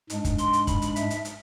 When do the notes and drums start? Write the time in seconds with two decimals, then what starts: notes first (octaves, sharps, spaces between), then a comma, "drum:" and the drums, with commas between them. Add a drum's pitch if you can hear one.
0.10 G#2 G#3 D4, drum: hi-hat
0.25 drum: kick, hi-hat
0.38 C6, drum: hi-hat
0.53 drum: hi-hat
0.67 B5, drum: kick, hi-hat
0.82 drum: hi-hat
0.96 E5, drum: hi-hat
1.10 drum: hi-hat
1.25 drum: hi-hat